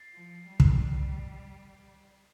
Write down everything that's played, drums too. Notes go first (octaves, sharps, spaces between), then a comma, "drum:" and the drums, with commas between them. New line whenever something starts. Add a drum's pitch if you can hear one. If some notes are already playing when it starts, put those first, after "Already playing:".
Already playing: A6 C7
F3
G3
drum: kick